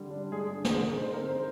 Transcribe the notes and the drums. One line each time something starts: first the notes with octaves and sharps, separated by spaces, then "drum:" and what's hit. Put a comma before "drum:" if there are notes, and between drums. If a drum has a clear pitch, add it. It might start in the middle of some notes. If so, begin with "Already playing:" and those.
Already playing: D3 G3
D4
G#3 G#4
D3
G#4, drum: snare
D3 A#4
D#4 C5
A#4
C4
C5